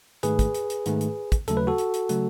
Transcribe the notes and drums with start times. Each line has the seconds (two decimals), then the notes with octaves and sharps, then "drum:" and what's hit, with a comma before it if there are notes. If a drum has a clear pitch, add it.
0.23 G#2 D#3 A3 G#4 B4, drum: hi-hat
0.39 drum: kick, hi-hat
0.54 drum: hi-hat
0.70 drum: hi-hat
0.86 G#2 D#3 A3, drum: hi-hat
1.01 drum: hi-hat
1.32 drum: kick, hi-hat
1.48 D#2 C#3 F#3 A3 A4, drum: hi-hat
1.57 B4
1.67 F#4 A4
1.78 drum: hi-hat
1.94 drum: hi-hat
2.09 C#3 F#3 A3, drum: hi-hat